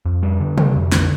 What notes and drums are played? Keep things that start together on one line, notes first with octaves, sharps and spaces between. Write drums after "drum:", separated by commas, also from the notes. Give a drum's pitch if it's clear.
F2
G3
D3
G3, drum: tom C3
F2
D3, drum: snare